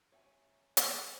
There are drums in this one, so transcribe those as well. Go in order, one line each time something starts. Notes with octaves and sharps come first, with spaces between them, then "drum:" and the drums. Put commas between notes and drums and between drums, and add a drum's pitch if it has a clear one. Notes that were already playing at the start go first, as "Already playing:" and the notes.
C#5 E5 F#5 G#5
drum: hi-hat